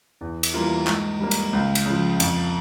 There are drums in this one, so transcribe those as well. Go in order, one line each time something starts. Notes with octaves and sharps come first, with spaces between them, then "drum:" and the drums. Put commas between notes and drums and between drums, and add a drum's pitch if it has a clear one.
E2
drum: cymbal
E3 G3 A#3 F4
G#2, drum: clap
G3 A#3
drum: cymbal
C#2
drum: cymbal
C#3 F3
F2, drum: cymbal